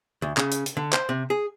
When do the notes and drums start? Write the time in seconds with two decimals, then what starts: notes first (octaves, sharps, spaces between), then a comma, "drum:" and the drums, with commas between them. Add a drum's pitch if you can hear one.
0.22 D2
0.37 C#3, drum: clap
0.52 drum: hi-hat
0.66 drum: hi-hat
0.77 D3
0.93 C5, drum: clap
1.09 C3
1.30 G#4